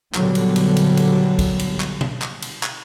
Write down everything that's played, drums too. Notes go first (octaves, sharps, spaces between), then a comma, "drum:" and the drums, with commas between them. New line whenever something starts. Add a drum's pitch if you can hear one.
A#2 D3 F#3 G3 B3, drum: clap
drum: cymbal
drum: cymbal
drum: cymbal
drum: cymbal
drum: kick, cymbal
drum: cymbal
drum: clap
drum: tom B2
drum: clap
drum: cymbal
drum: clap